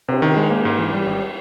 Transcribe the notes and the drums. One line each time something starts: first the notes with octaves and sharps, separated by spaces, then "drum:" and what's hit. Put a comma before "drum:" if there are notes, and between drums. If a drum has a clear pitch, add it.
C3, drum: cymbal
D#3
G#3
A#3
G#2
E3
G3
G#1